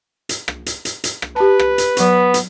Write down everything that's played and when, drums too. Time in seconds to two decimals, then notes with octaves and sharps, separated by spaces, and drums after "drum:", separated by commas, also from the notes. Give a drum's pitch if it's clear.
0.29 drum: hi-hat
0.48 drum: rim click
0.66 drum: hi-hat
0.85 drum: hi-hat
1.04 drum: hi-hat
1.22 drum: rim click
1.36 G4 B4 A5
1.59 drum: rim click
1.78 drum: hi-hat
1.97 F#3 B3 C#6, drum: hi-hat
2.34 drum: hi-hat